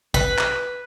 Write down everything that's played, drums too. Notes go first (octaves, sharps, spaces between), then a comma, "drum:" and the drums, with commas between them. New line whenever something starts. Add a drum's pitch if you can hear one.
B4, drum: kick
drum: clap